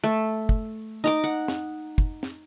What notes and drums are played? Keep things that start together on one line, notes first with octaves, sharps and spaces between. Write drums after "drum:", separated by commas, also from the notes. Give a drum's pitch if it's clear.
A3
drum: kick
D#4 A#5 D6
F#5
drum: snare
drum: kick
drum: snare